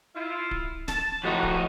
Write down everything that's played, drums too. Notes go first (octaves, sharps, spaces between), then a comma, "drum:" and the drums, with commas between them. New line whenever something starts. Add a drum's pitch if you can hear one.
E4 F4
drum: kick D1
A5, drum: snare
F2 A2 D#4 F#4 C#5
drum: kick D1